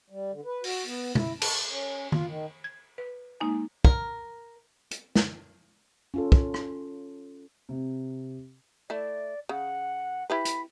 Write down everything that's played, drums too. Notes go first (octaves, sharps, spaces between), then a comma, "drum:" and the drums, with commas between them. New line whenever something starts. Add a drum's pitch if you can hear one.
G3
D3
B4
F#4, drum: open hi-hat
B3
E4, drum: tom
A5, drum: cymbal
C#4
F4, drum: tom D#3
D#3
G#6
B4
G#3 A#3 D#4 G#5
A#4, drum: kick
drum: hi-hat
drum: snare
C#4 F4 A4
drum: kick
drum: rim click
C3
A3 E4 D5
C#3 F#5
E4 G4 B4 B5
drum: hi-hat